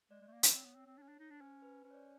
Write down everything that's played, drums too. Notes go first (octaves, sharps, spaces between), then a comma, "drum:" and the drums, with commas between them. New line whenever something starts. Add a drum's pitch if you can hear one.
G#3 D5
G#3
A3
A#3
C4, drum: hi-hat
C4 C#5
B3
C4
C4
D4
C#4
D4
D#4
D4
C#4 C5
B4
C#4 C5
C#5
D5